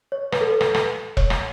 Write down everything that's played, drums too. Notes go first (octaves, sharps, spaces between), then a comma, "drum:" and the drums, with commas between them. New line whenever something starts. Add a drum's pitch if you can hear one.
C#5
B4, drum: rim click
A4
B4
drum: rim click
drum: rim click
C#5, drum: kick E1
drum: rim click